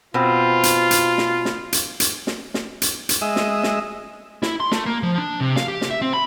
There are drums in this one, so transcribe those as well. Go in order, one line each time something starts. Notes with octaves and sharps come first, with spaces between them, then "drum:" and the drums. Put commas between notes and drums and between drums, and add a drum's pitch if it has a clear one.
B2 C4 F4
drum: hi-hat
drum: hi-hat
drum: snare
drum: snare
drum: hi-hat
drum: hi-hat
drum: snare
drum: snare
drum: hi-hat
drum: hi-hat
G#3 D#5 E5
drum: snare
drum: snare
E4, drum: snare
C6
A3, drum: snare
A#3
F3
D4
C3
F5, drum: snare
G4
drum: snare
E5
C4
B5